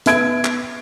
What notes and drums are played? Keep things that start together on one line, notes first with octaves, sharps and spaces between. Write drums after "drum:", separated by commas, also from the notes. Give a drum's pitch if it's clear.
B3 E5 G#6 D7, drum: hi-hat
drum: clap